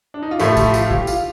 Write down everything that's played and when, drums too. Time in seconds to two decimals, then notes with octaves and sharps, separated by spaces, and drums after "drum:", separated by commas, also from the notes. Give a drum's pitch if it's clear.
0.14 D4
0.23 D#4
0.31 F4
0.39 A2 F3 A3 G4, drum: tambourine
0.57 G4, drum: kick, tambourine
0.74 F4, drum: tambourine
0.85 F4
0.91 G4, drum: kick
1.07 F4, drum: tambourine